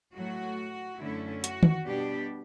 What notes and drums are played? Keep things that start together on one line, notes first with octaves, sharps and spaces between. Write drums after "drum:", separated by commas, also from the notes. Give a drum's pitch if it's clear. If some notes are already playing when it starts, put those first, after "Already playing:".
A2 F#3 A3 F#4
F#2 D3 A3 C#4 E4
F#4, drum: hi-hat
drum: tom D#3
B2 G3 B3 D4 G4